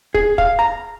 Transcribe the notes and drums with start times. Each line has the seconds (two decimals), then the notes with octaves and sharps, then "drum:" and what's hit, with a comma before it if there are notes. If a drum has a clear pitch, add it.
0.14 G#4, drum: kick
0.38 F5, drum: kick
0.59 A#5